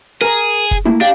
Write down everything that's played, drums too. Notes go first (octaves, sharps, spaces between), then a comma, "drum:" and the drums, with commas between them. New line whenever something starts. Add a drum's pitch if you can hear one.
G#4 A#4 A#5
drum: kick F1
A3 A#3 E4
D4 G4 F5